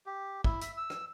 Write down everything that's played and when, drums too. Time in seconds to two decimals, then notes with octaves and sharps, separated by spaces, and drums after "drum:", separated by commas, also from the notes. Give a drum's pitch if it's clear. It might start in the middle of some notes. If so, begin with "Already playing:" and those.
0.06 G4
0.44 E4, drum: kick
0.61 E5, drum: hi-hat
0.77 E6
0.90 drum: rim click